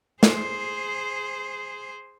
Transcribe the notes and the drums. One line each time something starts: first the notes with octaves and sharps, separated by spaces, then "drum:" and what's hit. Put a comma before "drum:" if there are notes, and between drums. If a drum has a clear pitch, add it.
G#4 C5, drum: snare